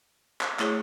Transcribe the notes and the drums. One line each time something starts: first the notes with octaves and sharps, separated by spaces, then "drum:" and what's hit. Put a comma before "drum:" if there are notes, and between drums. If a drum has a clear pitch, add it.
drum: clap
A3 E4 G#4 C#5, drum: clap